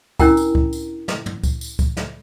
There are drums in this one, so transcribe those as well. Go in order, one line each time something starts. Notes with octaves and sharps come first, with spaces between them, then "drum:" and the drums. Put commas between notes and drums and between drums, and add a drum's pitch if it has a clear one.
C#4 D4 E4 A#4 G5 A#5, drum: kick C#2, tambourine
drum: tambourine
drum: kick C#2
drum: tambourine
drum: snare
drum: tom
drum: kick C#2, tambourine
drum: tambourine
drum: kick C#2, tambourine
drum: snare